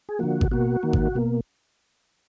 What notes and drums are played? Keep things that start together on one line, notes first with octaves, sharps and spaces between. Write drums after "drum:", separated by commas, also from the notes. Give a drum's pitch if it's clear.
G#4
D3 F3 A#3 F#4
drum: kick G#1
B2 A#3 F#4
D#3 A#3
drum: kick G#1
B2 A#3